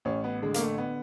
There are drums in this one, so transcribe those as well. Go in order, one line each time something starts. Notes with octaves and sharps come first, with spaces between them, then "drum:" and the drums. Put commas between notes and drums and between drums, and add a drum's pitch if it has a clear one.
A1 C#4
B3
D3 G#3
A#3, drum: hi-hat
A3
B3